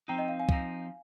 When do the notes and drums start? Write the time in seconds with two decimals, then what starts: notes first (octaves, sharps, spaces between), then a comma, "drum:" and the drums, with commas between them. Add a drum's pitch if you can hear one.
0.08 F3 C4 D#4 G5 A#5
0.18 D#5 G5
0.28 F5
0.40 F5 G#5
0.49 F3 C4 D#4, drum: kick